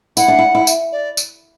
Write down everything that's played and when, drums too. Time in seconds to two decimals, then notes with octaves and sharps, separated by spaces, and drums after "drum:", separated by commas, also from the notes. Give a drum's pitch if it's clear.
0.17 E4 F#5, drum: tambourine
0.28 D4
0.39 E4
0.55 E4
0.67 drum: tambourine
0.92 D5
1.17 drum: tambourine